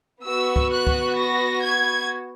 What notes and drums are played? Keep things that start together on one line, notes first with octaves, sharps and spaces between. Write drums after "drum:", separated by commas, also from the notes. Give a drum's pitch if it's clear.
B3 F#4 E6
drum: kick
F#6
drum: kick
A#6
G#6